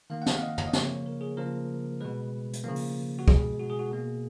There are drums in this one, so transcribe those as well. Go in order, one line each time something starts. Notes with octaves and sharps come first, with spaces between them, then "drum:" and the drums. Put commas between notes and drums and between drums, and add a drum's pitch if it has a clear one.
D#3 A#3 F5
F#5
F5, drum: snare
F5
D#5
C#5, drum: tom
D#5
C#3 F3 A#3 C#5, drum: snare
A#4
G#4
C#3 F3 A#3 A#4
B2 G#3 B4
drum: hi-hat
C#3 F3 A#3
drum: open hi-hat
F#4
B2 G#3 G#4, drum: kick
F#4
G#4
F#4
B2 A#3 G#4